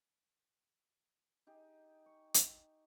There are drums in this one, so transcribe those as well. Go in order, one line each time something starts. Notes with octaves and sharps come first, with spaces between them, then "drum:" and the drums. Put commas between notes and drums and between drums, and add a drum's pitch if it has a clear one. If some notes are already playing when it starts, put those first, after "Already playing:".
D#4 G4 G#4
C#6
drum: hi-hat